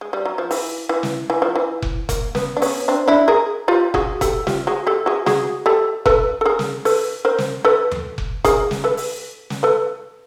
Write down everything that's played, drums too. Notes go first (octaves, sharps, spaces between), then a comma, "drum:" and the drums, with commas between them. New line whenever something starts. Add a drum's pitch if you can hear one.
G#3
G3
F#3
F3
E3, drum: open hi-hat
E3
drum: snare
E3
F3
E3
drum: kick F1
A#3, drum: kick F1, hi-hat
B3, drum: snare
D4
B3 C#4, drum: open hi-hat
C4 D4
D4 E4
G#4 A#4
F4 G4
F#4 G#4, drum: kick F1
G4 A4, drum: kick F1, hi-hat
F4 G4, drum: snare
F#4 G#4
G4 A4
F#4 G#4
F#4 G#4, drum: snare
G4 A4
A4 B4, drum: kick F1
A4
G#4 A#4
drum: snare
A4 B4, drum: open hi-hat
A#4 C5
drum: snare
A4 B4
drum: tom D#2
drum: kick F1
G#4 A#4, drum: kick F1, hi-hat
drum: snare
A4 B4
drum: open hi-hat
drum: snare
A4 B4